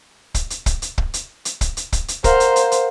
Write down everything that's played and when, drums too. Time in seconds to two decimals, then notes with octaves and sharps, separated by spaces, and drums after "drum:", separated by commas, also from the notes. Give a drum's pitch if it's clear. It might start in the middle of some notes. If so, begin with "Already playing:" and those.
0.35 drum: kick, hi-hat
0.50 drum: hi-hat
0.66 drum: kick, hi-hat
0.82 drum: hi-hat
0.98 drum: kick
1.14 drum: hi-hat
1.45 drum: hi-hat
1.61 drum: kick, hi-hat
1.77 drum: hi-hat
1.93 drum: kick, hi-hat
2.08 drum: hi-hat
2.24 A#4 C5 F5 F#5, drum: kick, hi-hat
2.40 drum: hi-hat
2.56 drum: hi-hat
2.72 drum: hi-hat